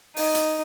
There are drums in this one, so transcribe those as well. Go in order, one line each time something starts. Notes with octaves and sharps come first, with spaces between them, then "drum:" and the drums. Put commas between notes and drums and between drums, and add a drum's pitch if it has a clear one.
D#4, drum: open hi-hat
drum: hi-hat